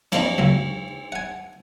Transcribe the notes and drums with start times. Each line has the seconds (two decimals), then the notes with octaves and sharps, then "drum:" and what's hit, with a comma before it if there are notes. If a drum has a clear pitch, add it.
0.12 F3 A#3 C4 D4 D#4, drum: cymbal
0.38 C#2 F#2 A#3
1.12 F#5 G#5